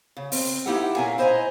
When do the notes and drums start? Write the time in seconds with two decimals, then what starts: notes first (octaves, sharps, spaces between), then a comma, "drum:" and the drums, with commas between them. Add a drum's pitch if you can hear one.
0.17 C#3
0.32 C4, drum: open hi-hat
0.66 A#3 D#4 E4 G4 A4 F#5
0.96 A#2 C#4 A#4 E5 F5 G#5
1.18 E4 C5 D#5 G5 G#5 A#5